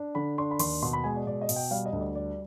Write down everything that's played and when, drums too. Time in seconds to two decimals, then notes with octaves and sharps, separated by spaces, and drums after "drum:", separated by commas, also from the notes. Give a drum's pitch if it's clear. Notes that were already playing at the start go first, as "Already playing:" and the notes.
Already playing: D4
0.15 D3 B5
0.38 D4 C6
0.51 B5
0.59 D#2 C6, drum: open hi-hat
0.82 B2 C6
0.93 B5
1.04 G#3 G#5
1.16 D5
1.27 B2 D5
1.41 D#5
1.49 B2, drum: open hi-hat
1.56 G5
1.71 G3 F5
1.86 D#5
1.93 D2
2.00 D5
2.15 G3 D5